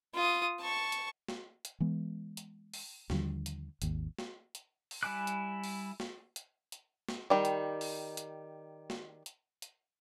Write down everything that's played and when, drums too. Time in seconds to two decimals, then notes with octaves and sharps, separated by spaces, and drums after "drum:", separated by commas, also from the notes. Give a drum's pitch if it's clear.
0.14 F4 D#6
0.60 A5 C#6
0.92 drum: hi-hat
1.29 drum: snare
1.65 drum: hi-hat
1.80 E3 G#3 B3
2.37 drum: hi-hat
2.74 drum: open hi-hat
3.10 D#2 D3 F3 G3, drum: snare
3.46 drum: hi-hat
3.82 G#1 D#2, drum: hi-hat
4.19 drum: snare
4.55 drum: hi-hat
4.91 drum: open hi-hat
5.03 G3 E4 G#5 D6 F#6
5.27 drum: hi-hat
5.64 drum: open hi-hat
6.00 drum: snare
6.36 drum: hi-hat
6.72 drum: hi-hat
7.09 drum: snare
7.30 D#3 G3
7.45 drum: hi-hat
7.81 drum: open hi-hat
8.17 drum: hi-hat
8.90 drum: snare
9.26 drum: hi-hat
9.62 drum: hi-hat